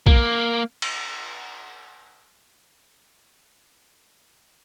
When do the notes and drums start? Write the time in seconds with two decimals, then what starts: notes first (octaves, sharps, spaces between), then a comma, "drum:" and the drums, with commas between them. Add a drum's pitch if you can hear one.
0.07 A#3, drum: kick A#1
0.82 drum: cymbal